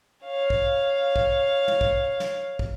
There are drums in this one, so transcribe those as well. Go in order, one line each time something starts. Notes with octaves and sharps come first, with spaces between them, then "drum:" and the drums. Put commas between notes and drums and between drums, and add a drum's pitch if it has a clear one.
C#5 F5
drum: kick
drum: kick
drum: tom
drum: kick
drum: snare
drum: kick